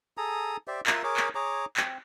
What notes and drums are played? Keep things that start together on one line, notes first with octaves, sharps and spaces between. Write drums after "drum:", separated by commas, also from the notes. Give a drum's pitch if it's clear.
G#4 A4 A#5 D#6
G4 C5 D5 E5
F4 A#4 E5 C6, drum: clap
G#4 A#4 C#5 D6
drum: clap
G#4 C#5 A#5 D6
C4, drum: clap